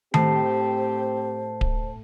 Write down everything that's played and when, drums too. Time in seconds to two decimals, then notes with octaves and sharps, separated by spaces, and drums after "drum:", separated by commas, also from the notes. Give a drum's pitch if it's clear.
0.14 A2 C4 G4 C5 A5 C7, drum: tom D#3
1.61 drum: kick D1